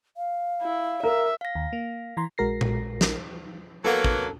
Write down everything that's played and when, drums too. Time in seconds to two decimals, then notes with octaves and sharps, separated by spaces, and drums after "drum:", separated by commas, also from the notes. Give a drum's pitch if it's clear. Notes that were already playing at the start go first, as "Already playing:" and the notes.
0.17 F5
0.61 E4
1.03 A#4 E5
1.41 F5 A#6
1.55 D#2
1.73 A#3
2.17 E3 A#5 C6
2.38 A#1 G#3 F#4 A#4 A#6 C7
2.61 drum: tom A#2
3.01 drum: snare
3.84 F#3 A#3 B3 A4 F5 F#5
4.04 drum: kick